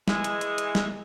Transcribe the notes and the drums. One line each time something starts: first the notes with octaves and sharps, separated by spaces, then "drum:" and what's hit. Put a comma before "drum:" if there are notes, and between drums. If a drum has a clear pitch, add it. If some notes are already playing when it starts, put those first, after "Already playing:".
E3 G#3, drum: snare
drum: hi-hat
drum: hi-hat
drum: hi-hat
drum: snare